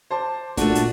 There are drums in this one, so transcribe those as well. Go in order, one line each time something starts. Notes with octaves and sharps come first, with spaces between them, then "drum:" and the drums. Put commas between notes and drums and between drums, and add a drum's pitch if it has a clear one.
C5 A5 D6
A#2 A3 D4 F#4, drum: kick, hi-hat
drum: hi-hat